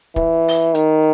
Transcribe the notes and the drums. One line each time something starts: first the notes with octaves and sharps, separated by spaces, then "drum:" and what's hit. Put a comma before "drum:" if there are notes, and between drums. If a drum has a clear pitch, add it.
E3, drum: kick
drum: open hi-hat
D#3, drum: hi-hat